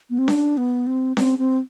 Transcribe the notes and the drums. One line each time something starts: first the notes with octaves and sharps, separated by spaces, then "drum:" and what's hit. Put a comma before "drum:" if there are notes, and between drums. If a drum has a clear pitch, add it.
B3
C4
D4, drum: snare C#4
B3
C4
C4, drum: snare C#4
C4